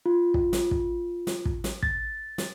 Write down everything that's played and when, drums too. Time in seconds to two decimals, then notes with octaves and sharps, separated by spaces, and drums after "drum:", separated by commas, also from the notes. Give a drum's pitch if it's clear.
0.06 F4
0.34 drum: kick
0.53 drum: snare
0.71 drum: kick
1.27 drum: snare
1.45 drum: kick
1.64 drum: snare
1.83 A6, drum: kick
2.38 drum: snare